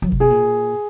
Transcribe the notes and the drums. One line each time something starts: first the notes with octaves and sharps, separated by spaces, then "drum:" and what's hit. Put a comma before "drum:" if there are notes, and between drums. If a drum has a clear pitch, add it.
F#3
C3, drum: kick F1
B2 G#4
A#2